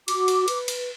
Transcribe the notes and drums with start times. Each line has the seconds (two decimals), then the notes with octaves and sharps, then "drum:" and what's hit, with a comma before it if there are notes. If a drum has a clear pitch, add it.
0.08 F#4 D6, drum: cymbal
0.28 drum: cymbal
0.48 B4, drum: cymbal
0.68 drum: cymbal